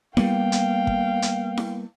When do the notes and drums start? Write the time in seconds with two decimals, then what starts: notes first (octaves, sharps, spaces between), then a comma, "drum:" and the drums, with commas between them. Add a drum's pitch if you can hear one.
0.17 G3 A#3 B3 F5 G5, drum: snare E4
0.52 drum: hi-hat
0.87 drum: kick
1.22 drum: hi-hat
1.57 drum: snare E4